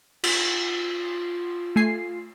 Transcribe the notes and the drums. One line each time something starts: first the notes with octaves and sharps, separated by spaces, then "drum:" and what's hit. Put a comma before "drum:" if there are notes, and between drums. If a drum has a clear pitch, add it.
F4, drum: cymbal
A3 G#5 C7